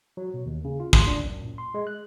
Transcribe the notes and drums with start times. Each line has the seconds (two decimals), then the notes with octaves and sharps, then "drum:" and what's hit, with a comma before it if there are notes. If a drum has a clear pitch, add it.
0.17 F#3
0.34 B2
0.46 D#2
0.65 C#3
0.80 F4
0.93 C6, drum: kick
1.07 D4
1.25 F#2
1.42 A#2
1.58 C6
1.74 G#3
1.87 F#6